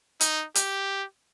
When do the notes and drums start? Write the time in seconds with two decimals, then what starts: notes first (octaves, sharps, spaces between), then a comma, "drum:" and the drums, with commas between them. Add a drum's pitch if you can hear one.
0.21 D#4, drum: hi-hat
0.55 G4, drum: hi-hat